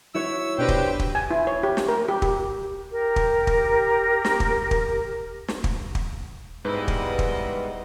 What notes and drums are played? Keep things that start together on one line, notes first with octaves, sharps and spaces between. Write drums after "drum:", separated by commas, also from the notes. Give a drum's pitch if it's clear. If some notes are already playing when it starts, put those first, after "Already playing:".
E4 F#4 C#5 E6
B2 D4 G4 B4 C5 G5 A#6
drum: kick
drum: kick
G#5
E4
C#5
G4
drum: snare
A#4
G4
G4, drum: kick
G4 A#4
drum: kick
drum: kick
drum: snare
drum: kick
drum: kick
drum: snare
drum: kick
drum: kick
G#2 G3 G#3 B3 E4 B4 D#5
drum: kick
drum: kick